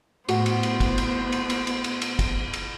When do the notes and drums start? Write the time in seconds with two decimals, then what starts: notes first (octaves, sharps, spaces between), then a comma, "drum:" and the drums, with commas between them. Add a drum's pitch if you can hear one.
0.29 A2 B3 F#4 C5, drum: cymbal
0.46 drum: cymbal
0.63 drum: cymbal
0.80 drum: kick, cymbal
0.98 drum: cymbal
1.32 drum: cymbal
1.50 drum: cymbal
1.67 drum: cymbal
1.84 drum: cymbal
2.02 drum: cymbal
2.19 drum: kick, cymbal
2.53 drum: cymbal